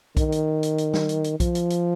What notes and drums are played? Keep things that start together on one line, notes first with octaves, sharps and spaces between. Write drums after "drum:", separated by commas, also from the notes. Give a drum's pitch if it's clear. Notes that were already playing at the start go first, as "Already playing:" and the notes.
D#3, drum: kick B1, hi-hat
drum: hi-hat
drum: hi-hat
drum: hi-hat
drum: snare
drum: hi-hat
drum: hi-hat
F3, drum: kick B1, hi-hat
drum: hi-hat
drum: hi-hat